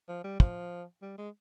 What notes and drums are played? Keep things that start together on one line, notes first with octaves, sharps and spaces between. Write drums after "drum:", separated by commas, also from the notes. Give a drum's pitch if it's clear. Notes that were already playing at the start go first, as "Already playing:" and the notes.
F3
G3
F3, drum: kick
G3
G#3